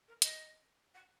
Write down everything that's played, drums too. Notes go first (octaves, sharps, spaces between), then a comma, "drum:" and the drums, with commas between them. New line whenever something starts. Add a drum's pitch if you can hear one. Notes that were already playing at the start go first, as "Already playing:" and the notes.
A#4
D#5, drum: hi-hat
F#5